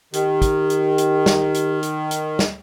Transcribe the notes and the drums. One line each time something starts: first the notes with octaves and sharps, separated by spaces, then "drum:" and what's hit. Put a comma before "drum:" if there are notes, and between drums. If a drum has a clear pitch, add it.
D#3 G4, drum: hi-hat
drum: kick, hi-hat
drum: hi-hat
drum: hi-hat
drum: snare
drum: hi-hat
drum: hi-hat
drum: hi-hat
drum: snare